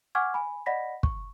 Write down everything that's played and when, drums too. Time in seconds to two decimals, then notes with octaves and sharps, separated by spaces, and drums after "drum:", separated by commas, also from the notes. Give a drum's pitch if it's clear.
0.15 F#5 G#5 C#6 D6 F6 G#6
0.34 G#5 B5
0.66 D5 D#5 F#5 B5 A#6 B6
1.03 C#6, drum: kick